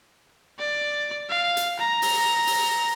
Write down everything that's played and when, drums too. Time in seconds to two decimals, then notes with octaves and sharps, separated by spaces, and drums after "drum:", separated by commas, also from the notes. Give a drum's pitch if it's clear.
0.59 D5
1.29 F5
1.57 drum: hi-hat
1.79 A#5
2.02 drum: open hi-hat
2.47 drum: open hi-hat